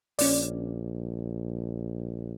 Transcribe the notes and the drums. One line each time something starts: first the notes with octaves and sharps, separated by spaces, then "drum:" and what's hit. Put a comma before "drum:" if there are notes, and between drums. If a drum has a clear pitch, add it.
A#1 C#4 D5, drum: open hi-hat